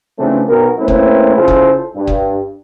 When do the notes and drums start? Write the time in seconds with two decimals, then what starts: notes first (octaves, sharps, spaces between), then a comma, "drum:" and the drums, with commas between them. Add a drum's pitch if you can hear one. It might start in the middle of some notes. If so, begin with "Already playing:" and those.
0.19 C#3 E3 F3 A3 C4 D4
0.48 B1 F#3 B3 A#4
0.79 A3 A#3 C4 C#4 E4 B4
0.88 drum: kick
1.36 C#3 E4 F4 A4 C5
1.48 drum: kick
1.95 G2
2.07 drum: kick